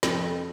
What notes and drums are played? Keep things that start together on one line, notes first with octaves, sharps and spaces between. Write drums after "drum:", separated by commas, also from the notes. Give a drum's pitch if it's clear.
F2, drum: snare